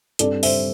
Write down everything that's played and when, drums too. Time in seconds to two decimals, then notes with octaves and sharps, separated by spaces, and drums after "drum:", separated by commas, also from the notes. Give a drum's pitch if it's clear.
0.19 G2 G3 C4 A4 D5, drum: hi-hat
0.43 C5 E5, drum: open hi-hat